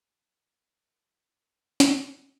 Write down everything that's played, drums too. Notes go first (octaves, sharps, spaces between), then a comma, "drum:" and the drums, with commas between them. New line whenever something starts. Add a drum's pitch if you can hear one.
E4 A4 A#4 D#5 F#5
drum: snare